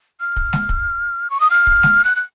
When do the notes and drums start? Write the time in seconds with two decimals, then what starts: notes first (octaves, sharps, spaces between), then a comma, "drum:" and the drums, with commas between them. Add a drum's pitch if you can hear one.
0.20 F6
0.36 drum: kick
0.53 drum: snare G#3
0.69 drum: kick
1.30 C#6
1.40 D#6
1.50 F6
1.67 drum: kick
1.83 drum: snare G#3
2.05 F#6
2.16 F#6